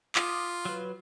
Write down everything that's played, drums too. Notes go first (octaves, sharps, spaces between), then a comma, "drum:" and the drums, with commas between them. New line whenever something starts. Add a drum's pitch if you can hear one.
F4 D6 D#6, drum: clap
F#3 B4